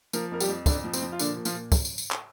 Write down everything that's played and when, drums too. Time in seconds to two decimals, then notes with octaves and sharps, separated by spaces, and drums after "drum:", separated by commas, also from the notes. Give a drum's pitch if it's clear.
0.13 F3 A#3 A#4, drum: tambourine
0.32 F2 A#4
0.40 G3 G4, drum: tambourine
0.48 F2
0.66 F2 D3 D4, drum: kick, tambourine
0.84 F3
0.93 C4, drum: tambourine
1.02 F3
1.12 F4
1.19 A#2 D3 D4, drum: tambourine
1.36 A#2
1.45 F3 F4, drum: tambourine
1.54 A#2
1.72 drum: kick, tambourine
1.85 drum: tambourine
1.98 drum: tambourine
2.11 drum: clap